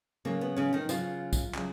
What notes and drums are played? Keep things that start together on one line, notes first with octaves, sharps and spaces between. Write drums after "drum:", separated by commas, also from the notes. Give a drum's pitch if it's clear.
C#3 F#3 A#3
B3
C#3 C#4
D#3 D#4
C#3 F3 F#3 F4, drum: tambourine
drum: kick, tambourine
C#3 F#3, drum: clap